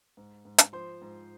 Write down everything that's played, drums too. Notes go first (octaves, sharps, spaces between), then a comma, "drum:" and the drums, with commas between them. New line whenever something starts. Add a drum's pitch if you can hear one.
G#2
G#2
drum: hi-hat
F3 C5 C6
G#2